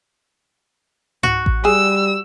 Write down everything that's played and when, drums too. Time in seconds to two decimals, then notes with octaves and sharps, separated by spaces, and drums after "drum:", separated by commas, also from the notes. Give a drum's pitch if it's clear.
1.23 F#4, drum: tom G#2
1.46 drum: kick A1
1.65 G3 G#4 E6